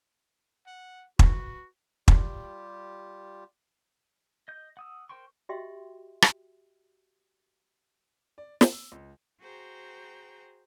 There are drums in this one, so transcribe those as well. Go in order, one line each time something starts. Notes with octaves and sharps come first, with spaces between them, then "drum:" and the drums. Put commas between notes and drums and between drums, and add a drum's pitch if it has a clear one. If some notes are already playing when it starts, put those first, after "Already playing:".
F#5
F#4 B4, drum: kick
G3 F4 G4, drum: kick
D#5 G6
F#5 D#6 E6
A#4 C5 G5 C6 C#6
F#4 G4 D#5 E5 G5 C6
drum: rim click
D5
A#3, drum: snare
E6
C#2
F#4 G#4 C5 G5 A#5